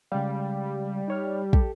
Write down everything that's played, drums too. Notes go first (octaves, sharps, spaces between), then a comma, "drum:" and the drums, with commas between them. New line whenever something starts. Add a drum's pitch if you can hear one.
C#3 G3 G#3 F5
D#4 C#5 F6
G4 A4, drum: kick